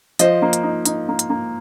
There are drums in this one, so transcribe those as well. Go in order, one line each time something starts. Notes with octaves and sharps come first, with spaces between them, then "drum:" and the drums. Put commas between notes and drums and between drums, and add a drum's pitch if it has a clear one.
F3 C5 D#5, drum: hi-hat
A#3
drum: hi-hat
D#4
D#4, drum: hi-hat
A#3
drum: hi-hat
A#3